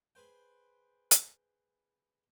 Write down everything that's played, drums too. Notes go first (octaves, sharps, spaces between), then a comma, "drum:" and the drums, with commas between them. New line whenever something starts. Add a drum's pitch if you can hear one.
G#4 B4 C5 G5
drum: hi-hat